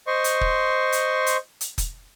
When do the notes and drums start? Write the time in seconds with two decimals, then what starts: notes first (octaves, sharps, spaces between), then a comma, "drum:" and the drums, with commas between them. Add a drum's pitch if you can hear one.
0.07 C5 D#5 C6 C#6
0.24 drum: hi-hat
0.41 drum: kick
0.92 drum: hi-hat
1.27 drum: hi-hat
1.61 drum: hi-hat
1.78 drum: kick, hi-hat